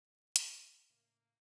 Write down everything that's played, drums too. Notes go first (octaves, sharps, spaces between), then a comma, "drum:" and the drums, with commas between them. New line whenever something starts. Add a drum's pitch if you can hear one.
drum: hi-hat
A2 C#3 A3 A#3